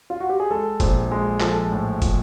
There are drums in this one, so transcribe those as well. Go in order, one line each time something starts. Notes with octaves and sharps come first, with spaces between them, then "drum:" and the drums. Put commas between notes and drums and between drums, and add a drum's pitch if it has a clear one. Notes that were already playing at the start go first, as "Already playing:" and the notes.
F4
F#4
G4
G#4
G#3 A4
A#1, drum: kick, hi-hat
G#3
F3 A4, drum: clap
A2
F3, drum: kick, hi-hat